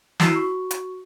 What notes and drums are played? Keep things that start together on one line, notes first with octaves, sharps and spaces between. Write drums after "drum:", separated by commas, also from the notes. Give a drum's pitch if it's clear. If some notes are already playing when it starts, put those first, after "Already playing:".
E4 F#4 E6 C7 E7, drum: snare
F#4 C#6
drum: hi-hat